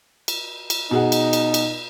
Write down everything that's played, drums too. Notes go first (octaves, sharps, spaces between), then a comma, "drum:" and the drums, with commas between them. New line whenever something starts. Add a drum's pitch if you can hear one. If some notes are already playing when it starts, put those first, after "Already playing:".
drum: cymbal
drum: cymbal
B2 D#4 G#4 F#5
drum: cymbal
drum: cymbal
drum: cymbal